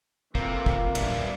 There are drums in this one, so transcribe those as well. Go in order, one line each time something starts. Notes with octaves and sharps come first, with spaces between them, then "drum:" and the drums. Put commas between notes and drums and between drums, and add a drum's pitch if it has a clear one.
C3 E3 A3 A#3 F4, drum: kick
drum: kick
D1 A#1 E2 G3 B3 D4 D5 E5, drum: cymbal